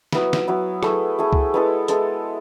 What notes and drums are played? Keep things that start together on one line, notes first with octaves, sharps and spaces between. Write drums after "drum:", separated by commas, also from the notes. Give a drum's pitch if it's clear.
F#3 B3 E4, drum: snare
drum: snare
F#3 B3 E4
A3 E4 G#4, drum: rim click
A3 E4 G#4
drum: kick C2
G#3 B3 E4 A4
G#3 B3 E4 A4, drum: hi-hat